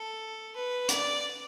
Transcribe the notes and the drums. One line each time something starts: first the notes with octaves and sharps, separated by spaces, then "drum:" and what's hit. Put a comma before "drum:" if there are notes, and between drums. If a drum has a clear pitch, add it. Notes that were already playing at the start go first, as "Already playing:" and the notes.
Already playing: A4
B4
D5, drum: hi-hat